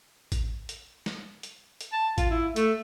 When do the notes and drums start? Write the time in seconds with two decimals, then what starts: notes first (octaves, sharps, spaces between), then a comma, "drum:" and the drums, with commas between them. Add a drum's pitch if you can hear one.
0.32 drum: kick A1, hi-hat
0.69 drum: hi-hat
1.06 drum: snare
1.43 drum: hi-hat
1.81 drum: hi-hat
1.93 A5
2.18 F4, drum: kick A1, hi-hat
2.31 E4
2.56 A3, drum: hi-hat